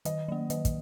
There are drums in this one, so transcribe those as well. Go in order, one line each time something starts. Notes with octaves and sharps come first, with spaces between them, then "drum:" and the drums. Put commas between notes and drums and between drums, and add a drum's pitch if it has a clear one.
D#3 D#5, drum: hi-hat
F#3 A#3
D#3 D#5, drum: hi-hat
drum: kick, hi-hat